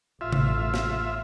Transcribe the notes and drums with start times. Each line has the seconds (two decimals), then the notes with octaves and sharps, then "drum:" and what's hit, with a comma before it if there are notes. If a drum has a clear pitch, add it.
0.21 A1 F4 E5
0.32 drum: tom C3
0.74 drum: snare